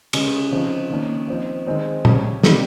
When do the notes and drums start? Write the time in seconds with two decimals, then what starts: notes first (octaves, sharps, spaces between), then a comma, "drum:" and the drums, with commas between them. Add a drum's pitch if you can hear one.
0.13 C#3 G#3 C#4, drum: cymbal
0.51 C#3 F3 C4 D#4
0.90 D#3 A#3 C#4
1.28 F3 C4 D#4
1.66 D#3 G#3 C4 D#4
2.05 C#3 G3 C#4, drum: tom A#2
2.43 C3 D#3 G3, drum: snare